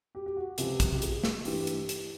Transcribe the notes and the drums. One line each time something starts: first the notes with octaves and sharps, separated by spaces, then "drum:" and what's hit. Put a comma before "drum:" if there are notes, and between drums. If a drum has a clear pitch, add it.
G4
G4
F#4
C#2 C3 F3 G4, drum: hi-hat
drum: kick, hi-hat
G4
G#4, drum: hi-hat
drum: snare
G2 E3 G4, drum: open hi-hat
drum: hi-hat
drum: hi-hat